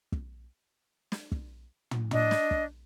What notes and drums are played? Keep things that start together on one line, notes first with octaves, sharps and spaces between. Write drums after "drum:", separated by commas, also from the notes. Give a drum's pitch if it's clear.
drum: kick
drum: snare
drum: kick
drum: tom
D4 D#5, drum: tom
drum: snare
drum: kick